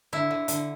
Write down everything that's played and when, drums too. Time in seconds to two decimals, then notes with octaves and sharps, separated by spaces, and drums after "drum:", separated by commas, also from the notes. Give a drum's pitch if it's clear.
0.13 D3 E4
0.31 D3
0.48 D3, drum: hi-hat